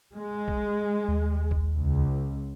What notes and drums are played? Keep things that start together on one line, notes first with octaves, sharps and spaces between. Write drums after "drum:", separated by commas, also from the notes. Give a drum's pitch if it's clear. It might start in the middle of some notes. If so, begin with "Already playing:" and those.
G#3
drum: kick A#1
D#2
drum: kick A#1
C#2